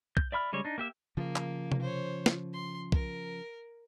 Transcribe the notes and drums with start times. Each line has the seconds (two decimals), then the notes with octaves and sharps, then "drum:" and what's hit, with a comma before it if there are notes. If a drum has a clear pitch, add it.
0.17 G6, drum: kick
0.32 D5 E5 B5 F6
0.53 C#3 G3 G#3 C#5
0.65 D4 D#4
0.78 A#3 G4 E5
1.17 C#3 F3 A#3
1.36 drum: clap
1.72 drum: tom C3
1.82 C5 C#5
2.26 drum: snare
2.53 C6
2.92 A#4, drum: kick